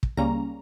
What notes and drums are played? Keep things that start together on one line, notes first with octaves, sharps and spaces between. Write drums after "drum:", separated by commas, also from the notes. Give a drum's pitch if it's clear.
drum: kick
C#2 C#3 G3 A#3 C#4 A#5